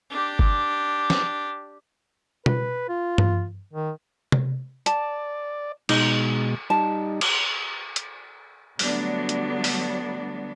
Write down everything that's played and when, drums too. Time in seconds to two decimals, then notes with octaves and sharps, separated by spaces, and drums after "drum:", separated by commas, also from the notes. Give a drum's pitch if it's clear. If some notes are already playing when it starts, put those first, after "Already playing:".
0.10 D4 G4
0.39 drum: kick G1
1.10 drum: snare
2.46 B4, drum: tom B2
2.89 F4
3.18 drum: tom G2
3.73 D#3
4.32 drum: tom C3
4.86 D5 A5, drum: hi-hat
5.89 B2 G#3 D#4, drum: cymbal
6.70 G3 D#4 A5
7.21 drum: cymbal
7.96 drum: hi-hat
8.79 D3 F#3 G3 A3 B3 D4, drum: open hi-hat
9.29 drum: hi-hat
9.64 drum: open hi-hat